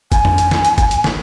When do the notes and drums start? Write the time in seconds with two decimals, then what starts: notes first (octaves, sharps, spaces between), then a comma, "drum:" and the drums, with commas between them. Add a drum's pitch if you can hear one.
0.12 G#5, drum: kick, hi-hat
0.25 drum: tom
0.38 drum: hi-hat
0.51 drum: snare
0.65 drum: hi-hat
0.78 drum: kick, hi-hat
0.91 drum: hi-hat
1.04 drum: snare